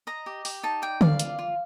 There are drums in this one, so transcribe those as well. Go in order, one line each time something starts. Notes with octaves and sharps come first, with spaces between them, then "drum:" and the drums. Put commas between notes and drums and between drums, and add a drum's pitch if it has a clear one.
D#5 A#5
G4
G4, drum: open hi-hat
D#4 A5
D5 G5
D5 F5, drum: tom D3
F4, drum: hi-hat
F4